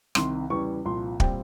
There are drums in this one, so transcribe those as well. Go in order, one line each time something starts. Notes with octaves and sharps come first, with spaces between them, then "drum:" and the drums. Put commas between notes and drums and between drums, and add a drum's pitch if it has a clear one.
C2 C3 D#3 C6, drum: rim click
E2 C#3 E3 G3 C#6
C2 A#2 F3 C6
A#2 G3 C4 G5, drum: kick